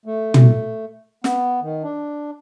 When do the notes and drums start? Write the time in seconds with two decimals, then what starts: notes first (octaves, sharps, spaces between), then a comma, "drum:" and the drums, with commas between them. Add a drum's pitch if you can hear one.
0.06 A3
0.34 drum: tom
1.24 B3, drum: snare
1.62 D#3
1.83 D4